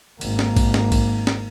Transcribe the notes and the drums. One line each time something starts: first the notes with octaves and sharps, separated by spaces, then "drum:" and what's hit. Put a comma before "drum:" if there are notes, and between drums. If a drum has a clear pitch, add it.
G#1 A#3, drum: cymbal
drum: snare
drum: kick, cymbal
drum: snare
drum: kick, cymbal
drum: snare